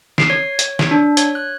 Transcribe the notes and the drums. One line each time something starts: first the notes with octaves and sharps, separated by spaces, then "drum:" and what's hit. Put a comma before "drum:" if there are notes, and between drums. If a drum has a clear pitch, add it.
C7, drum: snare
C#5
C#5, drum: hi-hat
drum: snare
D4
C#5, drum: hi-hat
F#6